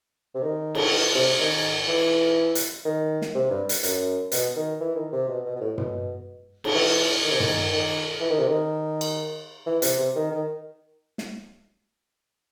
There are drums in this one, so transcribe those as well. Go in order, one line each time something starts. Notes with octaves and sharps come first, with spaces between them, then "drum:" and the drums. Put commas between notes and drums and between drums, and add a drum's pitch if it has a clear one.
C3
D#3
drum: cymbal
E3
C3
D#3
E3
drum: hi-hat
D#3
drum: snare
C3
G2
drum: hi-hat
F#2, drum: hi-hat
B2, drum: hi-hat
D#3
E3
D#3
C3
B2
B2
B2
A2
B2, drum: tom
drum: cymbal
E3
D#3
C3
D#3, drum: tom
D#3
E3
D#3
C3
D#3
drum: cymbal
E3
C3, drum: hi-hat
C3
D#3
D#3
drum: snare